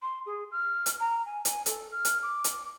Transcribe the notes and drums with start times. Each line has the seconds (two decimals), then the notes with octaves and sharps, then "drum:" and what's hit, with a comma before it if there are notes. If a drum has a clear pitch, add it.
0.02 C6
0.26 G#4
0.52 F6
0.86 drum: hi-hat
1.00 A#5
1.25 G#5
1.45 G#5, drum: hi-hat
1.66 A4, drum: hi-hat
1.91 F6
2.05 drum: hi-hat
2.23 D6
2.44 drum: hi-hat